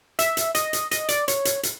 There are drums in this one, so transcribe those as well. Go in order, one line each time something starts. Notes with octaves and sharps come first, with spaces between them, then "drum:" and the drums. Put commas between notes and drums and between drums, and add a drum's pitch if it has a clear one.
E5, drum: hi-hat
drum: hi-hat
D#5, drum: hi-hat
drum: hi-hat
D#5, drum: hi-hat
D5, drum: hi-hat
C#5, drum: hi-hat
drum: hi-hat
drum: hi-hat